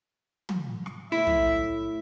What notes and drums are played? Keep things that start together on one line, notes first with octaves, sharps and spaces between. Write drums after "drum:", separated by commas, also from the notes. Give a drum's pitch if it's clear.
drum: tom
drum: rim click
A2 E4 E5
drum: tom